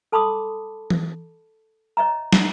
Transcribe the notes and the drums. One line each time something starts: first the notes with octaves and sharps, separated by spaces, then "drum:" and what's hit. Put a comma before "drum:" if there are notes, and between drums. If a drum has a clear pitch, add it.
A4 A5 B5 C6 D6 D#6
drum: tom E3
C#5 D#5 E5 A#5
drum: snare